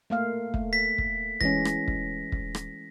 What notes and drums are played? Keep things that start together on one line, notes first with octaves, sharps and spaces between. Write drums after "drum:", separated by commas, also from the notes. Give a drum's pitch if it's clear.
A3 A#3 F5
A3, drum: kick
B6
drum: kick
E3 G#3 C#4 A#6, drum: kick
drum: rim click
drum: kick
drum: kick
drum: rim click